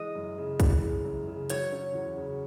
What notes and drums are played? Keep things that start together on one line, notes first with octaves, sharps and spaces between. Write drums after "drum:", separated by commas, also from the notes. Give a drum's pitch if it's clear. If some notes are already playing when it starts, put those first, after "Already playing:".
Already playing: E3 G#3 D#5
F#2
C#3
E3, drum: kick, hi-hat
G#3
F#2
C#3
F#3 C#5, drum: hi-hat
C#4
E2
C#3